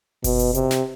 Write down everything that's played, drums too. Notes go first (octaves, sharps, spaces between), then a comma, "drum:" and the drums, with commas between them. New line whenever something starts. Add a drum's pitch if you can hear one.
B2, drum: kick F#1, open hi-hat
drum: hi-hat
C3, drum: hi-hat
drum: snare